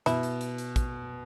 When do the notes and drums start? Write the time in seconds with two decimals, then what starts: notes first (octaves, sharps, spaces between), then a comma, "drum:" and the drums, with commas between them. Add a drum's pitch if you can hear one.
0.06 B2 E4, drum: hi-hat
0.23 drum: hi-hat
0.41 drum: hi-hat
0.58 drum: hi-hat
0.76 drum: kick, hi-hat